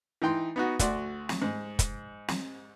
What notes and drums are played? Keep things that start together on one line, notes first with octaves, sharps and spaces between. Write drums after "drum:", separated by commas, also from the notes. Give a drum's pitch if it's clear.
E3 D#4 G5 C6
B3 D#4 F#4
D2 F#4 D5 C6, drum: kick, hi-hat
drum: snare
G#2
drum: kick, hi-hat
drum: snare